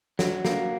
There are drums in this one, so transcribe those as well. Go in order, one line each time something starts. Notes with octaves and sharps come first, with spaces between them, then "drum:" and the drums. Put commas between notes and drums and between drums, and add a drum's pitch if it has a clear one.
F#3, drum: snare
A#3, drum: snare